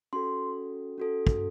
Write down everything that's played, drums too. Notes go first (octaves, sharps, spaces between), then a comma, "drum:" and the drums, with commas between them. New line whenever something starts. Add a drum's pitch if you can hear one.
C#4 F#4 A4 C6
C#4 F#4 A4
drum: kick